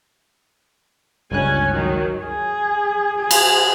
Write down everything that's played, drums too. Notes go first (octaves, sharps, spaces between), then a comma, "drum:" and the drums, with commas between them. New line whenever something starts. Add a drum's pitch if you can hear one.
G1 C#2 C#4 G#5 F#6
D#3 F#3
G#4
G#4
drum: cymbal